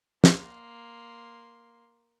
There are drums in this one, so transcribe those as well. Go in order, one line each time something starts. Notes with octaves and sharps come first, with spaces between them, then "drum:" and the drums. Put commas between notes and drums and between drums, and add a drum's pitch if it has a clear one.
A#3 C6, drum: snare